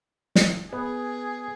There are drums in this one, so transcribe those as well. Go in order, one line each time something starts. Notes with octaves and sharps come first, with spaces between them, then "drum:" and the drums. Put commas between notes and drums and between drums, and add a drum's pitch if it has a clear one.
drum: snare
B3 G#4